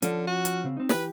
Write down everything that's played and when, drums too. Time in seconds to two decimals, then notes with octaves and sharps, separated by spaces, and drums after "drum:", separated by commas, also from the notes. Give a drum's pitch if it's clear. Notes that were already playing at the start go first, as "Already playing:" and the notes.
0.02 D3 F3 C#4, drum: hi-hat
0.27 F#4
0.45 drum: hi-hat
0.64 C#3 C4
0.77 C4 D#4
0.89 E3 G4 B4, drum: snare